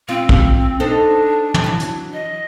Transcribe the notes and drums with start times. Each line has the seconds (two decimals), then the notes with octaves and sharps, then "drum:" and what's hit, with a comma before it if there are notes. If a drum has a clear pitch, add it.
0.09 C4 F4
0.29 drum: kick A#1
0.80 D4 D#4 A4 C5
1.54 drum: tom
1.64 E3 F#3
1.80 drum: hi-hat
2.13 D#5